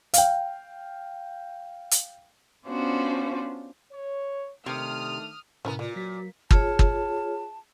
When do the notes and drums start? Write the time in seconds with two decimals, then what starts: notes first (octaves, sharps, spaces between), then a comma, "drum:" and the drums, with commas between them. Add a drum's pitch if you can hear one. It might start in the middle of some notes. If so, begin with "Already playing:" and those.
0.14 F5 G5, drum: hi-hat
1.91 drum: hi-hat
2.68 B3 C#4 D4 F4 F#4 C5
3.92 C#5
4.66 C3 D#3 A3 D4 D#6 F6
5.65 A2 C3 F3 B3 C#4 E4 A#4
5.79 A#2 A#3 F4
5.96 F#3 F#4 B6
6.51 F4 G#4 C#5 A5, drum: kick
6.79 drum: kick